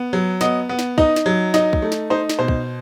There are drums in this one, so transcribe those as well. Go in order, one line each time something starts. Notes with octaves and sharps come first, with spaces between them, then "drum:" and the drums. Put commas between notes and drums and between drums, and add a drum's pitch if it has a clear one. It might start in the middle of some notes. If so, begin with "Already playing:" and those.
Already playing: B3
F#3
B3 D#5, drum: snare
B3
drum: snare
D#4 D#5, drum: kick
drum: snare
F#3
D#4 D#5, drum: snare
drum: kick
A3
drum: snare
D#4 C5
drum: snare
B2 C5
drum: kick